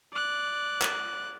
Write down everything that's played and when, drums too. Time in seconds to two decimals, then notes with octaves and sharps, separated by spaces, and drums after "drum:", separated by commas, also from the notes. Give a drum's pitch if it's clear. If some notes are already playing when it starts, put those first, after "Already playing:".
0.13 D5 F#6
0.81 drum: clap